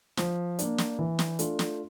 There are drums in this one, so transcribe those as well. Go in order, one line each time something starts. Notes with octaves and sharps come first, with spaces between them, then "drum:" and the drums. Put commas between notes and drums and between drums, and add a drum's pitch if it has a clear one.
F3, drum: snare
A#3 D4, drum: hi-hat
drum: snare
E3
drum: snare
A3 D4 F4, drum: hi-hat
drum: snare